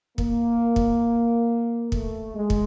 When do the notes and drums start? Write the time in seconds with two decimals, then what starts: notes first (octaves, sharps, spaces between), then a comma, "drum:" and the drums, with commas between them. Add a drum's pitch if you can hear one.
0.18 A#3, drum: kick
0.76 drum: kick
1.92 A3, drum: kick
2.35 G#3
2.50 drum: kick